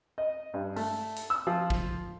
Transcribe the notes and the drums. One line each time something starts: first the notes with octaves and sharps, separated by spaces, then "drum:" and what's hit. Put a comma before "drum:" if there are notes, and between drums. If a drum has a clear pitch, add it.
D#5
G2
A3, drum: open hi-hat
drum: hi-hat
E6
F3
drum: kick